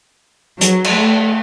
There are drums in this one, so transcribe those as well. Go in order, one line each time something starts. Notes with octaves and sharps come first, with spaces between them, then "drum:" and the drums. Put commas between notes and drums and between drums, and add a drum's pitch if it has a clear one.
F#3, drum: hi-hat
drum: cymbal
A3